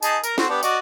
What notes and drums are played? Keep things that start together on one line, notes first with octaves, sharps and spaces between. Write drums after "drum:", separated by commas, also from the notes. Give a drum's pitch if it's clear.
D#4 G#4 A5, drum: tambourine
A#4, drum: tambourine
C4 F#4 C5, drum: snare
B3 D4 G4
F#4 D5 D#5, drum: tambourine